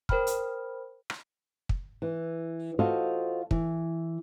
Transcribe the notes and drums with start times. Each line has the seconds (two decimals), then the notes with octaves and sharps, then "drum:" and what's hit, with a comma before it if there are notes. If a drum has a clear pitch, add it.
0.09 A#4 C5 G5 B5 F6, drum: kick
0.27 drum: hi-hat
1.10 drum: rim click
1.69 drum: kick
2.02 E3
2.79 F4 F#4 A4 C5 D#5 F5
3.51 E3, drum: kick